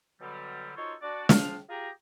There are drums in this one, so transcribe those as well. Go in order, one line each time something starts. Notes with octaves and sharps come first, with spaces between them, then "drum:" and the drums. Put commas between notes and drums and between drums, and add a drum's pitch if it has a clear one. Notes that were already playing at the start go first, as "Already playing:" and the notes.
B2 D3 F#3 G3
D#4 F4 F#4 A4 C5 C#5
D4 F#4 D5
F3 D4 F5 F6, drum: snare
F4 G4 G#4 G5 A#5